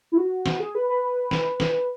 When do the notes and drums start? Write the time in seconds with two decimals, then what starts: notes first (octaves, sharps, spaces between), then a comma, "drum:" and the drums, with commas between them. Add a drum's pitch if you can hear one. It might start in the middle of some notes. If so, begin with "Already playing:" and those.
0.12 E4
0.17 F#4
0.46 drum: snare
0.59 G#4
0.75 B4
0.89 B4
1.31 drum: snare
1.60 drum: snare